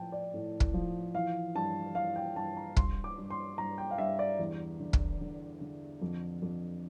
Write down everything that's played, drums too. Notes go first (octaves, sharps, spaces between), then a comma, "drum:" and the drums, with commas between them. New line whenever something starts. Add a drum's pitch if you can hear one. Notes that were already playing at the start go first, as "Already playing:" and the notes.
Already playing: A2 F3 G5 A5
D5
A2
drum: kick
F3
E3 F5
G2 A5
E3 F5
G5
G2 A5
A#5
G2 C6, drum: kick
D6
G2
C6
G2 A#5
G5
F5
G2 E5
D5
E2
D3
drum: kick
D3
D3
F2
F2